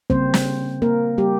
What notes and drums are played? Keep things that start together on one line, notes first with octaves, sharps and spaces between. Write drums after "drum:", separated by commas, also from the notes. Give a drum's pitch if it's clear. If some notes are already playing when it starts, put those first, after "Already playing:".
C#3 G3 A#3 C4 C5, drum: kick
drum: snare
A#3 A#4
G3 G4